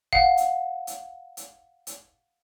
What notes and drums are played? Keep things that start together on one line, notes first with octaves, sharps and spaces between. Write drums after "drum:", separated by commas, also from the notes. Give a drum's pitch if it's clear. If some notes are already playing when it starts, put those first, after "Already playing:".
F5 F#5, drum: kick
drum: hi-hat
drum: hi-hat
drum: hi-hat
drum: hi-hat